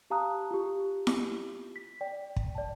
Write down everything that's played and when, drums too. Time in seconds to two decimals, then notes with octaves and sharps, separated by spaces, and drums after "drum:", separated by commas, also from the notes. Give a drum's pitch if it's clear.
0.10 G4 F5 A5 A#5 D#6 F#6
0.51 F4 G4
1.07 drum: snare E4
1.76 B6
2.01 D5 G5
2.36 drum: kick
2.55 D5 A5